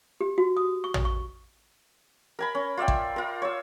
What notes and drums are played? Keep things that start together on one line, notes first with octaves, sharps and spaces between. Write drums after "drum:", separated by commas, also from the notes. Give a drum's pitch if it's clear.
G4
F#4
D#6
C#6
drum: tom
C#6
A#4 G#5 B5
C#4
F4 D5 E5 G5
drum: kick G#1
F4 A#4
C#5 E6